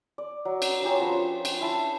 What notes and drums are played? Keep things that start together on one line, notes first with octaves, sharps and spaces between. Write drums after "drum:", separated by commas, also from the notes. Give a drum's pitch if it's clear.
D5
F#3
drum: cymbal
F#3 C#4 F4 G4
F3 A#4 B4 A#5
drum: cymbal
E4 E5 A5